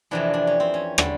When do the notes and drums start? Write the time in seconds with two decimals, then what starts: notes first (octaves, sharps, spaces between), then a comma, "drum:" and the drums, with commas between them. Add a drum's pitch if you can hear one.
0.11 F2 C3 E3 D4
0.34 D4
0.47 C#4
0.60 C4
0.74 C#4
0.98 D3 G3, drum: rim click